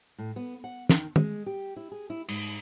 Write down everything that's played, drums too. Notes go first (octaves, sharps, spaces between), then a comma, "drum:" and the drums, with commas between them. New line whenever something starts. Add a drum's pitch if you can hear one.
A2
B3
F#5
D#3, drum: snare
G#3, drum: tom
G4
E4
G#4
E4
G#2, drum: cymbal